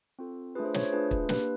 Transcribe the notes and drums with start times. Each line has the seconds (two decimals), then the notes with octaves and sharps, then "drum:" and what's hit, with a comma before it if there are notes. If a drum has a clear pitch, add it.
0.19 C4 F4 A4
0.55 A3 D4 F4 G#4 B4
0.65 C5
0.74 C#5, drum: snare
0.83 C5
0.92 A3 D4 F4 G#4 B4
1.11 drum: kick
1.29 A#3 D4 G4 B4, drum: snare